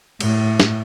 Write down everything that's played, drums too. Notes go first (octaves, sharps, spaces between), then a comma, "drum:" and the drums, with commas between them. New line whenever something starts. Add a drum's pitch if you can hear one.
A2, drum: cymbal
drum: snare